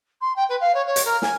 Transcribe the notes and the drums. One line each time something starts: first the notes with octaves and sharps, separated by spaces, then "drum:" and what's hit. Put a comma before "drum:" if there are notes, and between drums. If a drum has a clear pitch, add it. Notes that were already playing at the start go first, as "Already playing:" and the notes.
C6
G5
B4
F5
C#5
C#5
drum: hi-hat
A#4
G#5, drum: snare